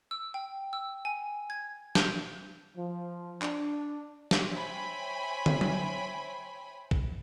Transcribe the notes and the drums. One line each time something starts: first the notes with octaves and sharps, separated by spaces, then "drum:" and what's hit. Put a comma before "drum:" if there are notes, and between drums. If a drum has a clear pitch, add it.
E6
G5
E6
G#5
G#6
G6, drum: snare
F3
D4, drum: clap
drum: snare
C5 C#5 E5 G5 G#5 B5
drum: tom
drum: tom F#3
drum: kick